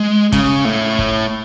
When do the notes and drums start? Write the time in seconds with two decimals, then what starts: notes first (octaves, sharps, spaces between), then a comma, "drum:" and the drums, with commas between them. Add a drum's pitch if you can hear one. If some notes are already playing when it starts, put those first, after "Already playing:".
Already playing: G#3
0.32 C#3, drum: kick, hi-hat
0.65 A2
0.99 drum: kick